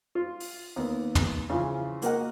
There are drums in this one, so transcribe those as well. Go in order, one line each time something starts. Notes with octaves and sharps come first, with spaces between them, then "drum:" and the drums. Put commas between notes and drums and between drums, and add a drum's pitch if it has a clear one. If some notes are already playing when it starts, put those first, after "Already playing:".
F4
drum: open hi-hat
D#2 B3
drum: tom
C#3 E3 F3
A#3 F#4 A#4 D#5 F#5, drum: hi-hat